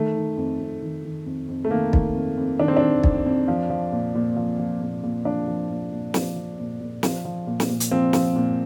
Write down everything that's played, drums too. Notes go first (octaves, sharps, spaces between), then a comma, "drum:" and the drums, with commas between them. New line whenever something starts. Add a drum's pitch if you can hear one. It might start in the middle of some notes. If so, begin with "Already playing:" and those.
Already playing: D#3 A3
D#3
F2
F2
D#3
D#3
F2
F2
A3
D#3 A#3
D#3, drum: kick
F2
F2
D#3 D4
C4
D#3 D4
F2, drum: kick
F2
F3
F3
A#2
A#2
F3
F3
A#2
A#2
F3 D4
F3
A#2
A#2
F3, drum: snare
F3
A#2
A#2
F3, drum: snare
F3
A#2
drum: snare
A#2
drum: hi-hat
F3 C4
F3, drum: snare
A#2